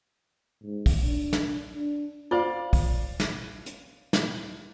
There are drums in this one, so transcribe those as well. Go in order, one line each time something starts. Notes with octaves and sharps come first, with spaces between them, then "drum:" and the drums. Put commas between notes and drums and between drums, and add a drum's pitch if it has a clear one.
G#2
drum: kick, open hi-hat
D4
drum: snare
D4
F4 C5 D5 F5
drum: kick, open hi-hat
drum: snare
drum: hi-hat
drum: snare